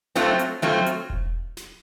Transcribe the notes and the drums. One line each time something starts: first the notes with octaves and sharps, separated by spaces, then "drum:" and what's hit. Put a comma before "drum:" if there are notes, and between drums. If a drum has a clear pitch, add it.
F#3 A3 C4 F4, drum: snare
drum: hi-hat
F#3 A3 C4 F4
drum: hi-hat
drum: kick E1
drum: snare